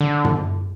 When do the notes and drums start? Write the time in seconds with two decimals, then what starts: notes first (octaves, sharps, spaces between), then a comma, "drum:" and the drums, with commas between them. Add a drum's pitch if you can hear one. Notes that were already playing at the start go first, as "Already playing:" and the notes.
0.01 D3
0.25 drum: tom